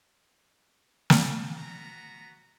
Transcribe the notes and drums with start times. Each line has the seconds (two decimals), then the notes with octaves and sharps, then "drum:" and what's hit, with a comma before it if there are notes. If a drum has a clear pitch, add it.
1.10 drum: snare
1.56 B3 F#4 A#5